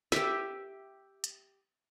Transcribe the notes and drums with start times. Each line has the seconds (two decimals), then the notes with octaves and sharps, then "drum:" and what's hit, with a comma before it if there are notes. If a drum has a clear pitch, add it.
0.12 G4 E5, drum: snare
1.24 drum: hi-hat